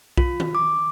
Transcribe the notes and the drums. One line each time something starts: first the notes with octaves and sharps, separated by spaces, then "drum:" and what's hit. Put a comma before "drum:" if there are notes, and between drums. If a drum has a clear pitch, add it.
F4, drum: kick
drum: tom D#3
D6